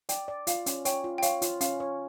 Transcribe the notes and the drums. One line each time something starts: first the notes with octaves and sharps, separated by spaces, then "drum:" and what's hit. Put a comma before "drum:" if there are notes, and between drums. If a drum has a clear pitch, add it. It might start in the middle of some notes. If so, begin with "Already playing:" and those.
D5 G5, drum: hi-hat
D5
F4 F5, drum: hi-hat
C#4, drum: hi-hat
C#5 G5, drum: hi-hat
F4
G5
C#5 F5, drum: hi-hat
F4, drum: hi-hat
C#4 F5, drum: hi-hat
C#5